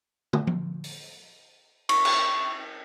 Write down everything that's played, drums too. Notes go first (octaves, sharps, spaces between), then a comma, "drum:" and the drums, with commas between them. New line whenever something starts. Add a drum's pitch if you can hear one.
drum: tom
drum: tom F3
drum: open hi-hat
C#6, drum: cymbal
drum: cymbal